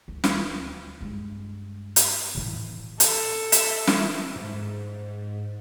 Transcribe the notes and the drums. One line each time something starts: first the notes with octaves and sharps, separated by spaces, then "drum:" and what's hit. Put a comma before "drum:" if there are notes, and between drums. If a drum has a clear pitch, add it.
D2
drum: snare
G2 G#3
drum: hi-hat
A2 E3
A4, drum: hi-hat
E5, drum: hi-hat
drum: snare
G#2